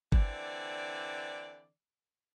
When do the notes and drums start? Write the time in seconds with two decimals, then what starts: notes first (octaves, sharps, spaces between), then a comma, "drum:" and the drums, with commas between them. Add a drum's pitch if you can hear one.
0.12 D3 E3 C4 D5, drum: kick G1